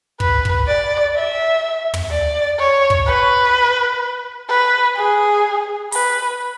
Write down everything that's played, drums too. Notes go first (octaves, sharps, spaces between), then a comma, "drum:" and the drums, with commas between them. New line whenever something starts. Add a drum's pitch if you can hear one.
B4, drum: kick
drum: kick
D5
E5
drum: tom
D5
C#5
drum: kick
B4
B4
G#4
B4, drum: open hi-hat